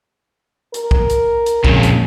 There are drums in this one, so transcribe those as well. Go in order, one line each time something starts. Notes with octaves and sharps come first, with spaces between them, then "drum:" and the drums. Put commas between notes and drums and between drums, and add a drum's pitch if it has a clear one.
A#4, drum: hi-hat
drum: kick
drum: hi-hat
drum: hi-hat
F2 A#2 C#3, drum: kick
drum: hi-hat